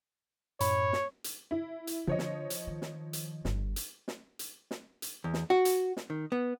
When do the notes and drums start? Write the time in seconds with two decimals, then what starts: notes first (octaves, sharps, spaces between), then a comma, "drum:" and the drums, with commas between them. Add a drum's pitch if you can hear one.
0.60 F#2 A2 C#5 B5, drum: hi-hat
0.93 drum: snare
1.24 drum: hi-hat
1.51 E4
1.87 drum: hi-hat
2.07 D3 F3 C#5 D#5
2.19 drum: snare
2.50 drum: hi-hat
2.67 D#3
2.82 drum: snare
3.13 drum: hi-hat
3.45 G1 G2, drum: snare
3.76 drum: hi-hat
4.08 drum: snare
4.39 drum: hi-hat
4.71 drum: snare
5.02 drum: hi-hat
5.24 E2
5.34 drum: snare
5.50 F#4
5.65 drum: hi-hat
5.97 drum: snare
6.10 D#3
6.32 B3